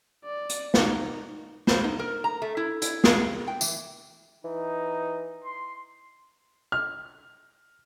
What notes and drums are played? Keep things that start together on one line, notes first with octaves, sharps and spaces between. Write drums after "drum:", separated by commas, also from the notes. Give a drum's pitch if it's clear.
D5
drum: hi-hat
D#4, drum: snare
C5, drum: snare
D#4
A#4
A#5
A3
E4
E4, drum: hi-hat
G#4, drum: snare
G5
E3, drum: tambourine
E3 D#4
C6
F6